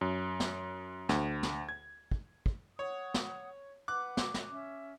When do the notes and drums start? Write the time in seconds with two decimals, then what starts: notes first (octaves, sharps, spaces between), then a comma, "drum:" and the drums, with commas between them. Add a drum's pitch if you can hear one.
0.01 F#2
0.40 drum: snare
1.09 D2, drum: snare
1.43 drum: snare
1.69 G#6
2.11 drum: kick
2.46 drum: kick
2.79 C#5 F#5 D#6
3.14 drum: snare
3.88 B4 F#5 D6 F#6
4.17 drum: snare
4.34 drum: snare
4.52 C#4 E5